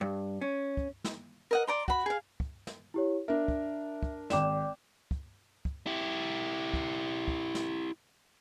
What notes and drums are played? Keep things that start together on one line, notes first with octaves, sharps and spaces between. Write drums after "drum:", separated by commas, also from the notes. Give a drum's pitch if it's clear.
G2
C#4
drum: kick
drum: snare
A#4 D#5 F#5
D5 A#5 C6
F#4 B5, drum: kick
G#4 F5
drum: kick
drum: snare
E4 G4 C#5
D4 A#4 E5
drum: kick
drum: kick
G#1 D5 G5 D6 E7, drum: snare
drum: kick
drum: kick
E4 G4
drum: kick
drum: kick
drum: snare